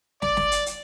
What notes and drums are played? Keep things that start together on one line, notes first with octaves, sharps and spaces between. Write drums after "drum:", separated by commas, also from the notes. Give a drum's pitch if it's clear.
D5, drum: snare
drum: snare
drum: hi-hat
drum: hi-hat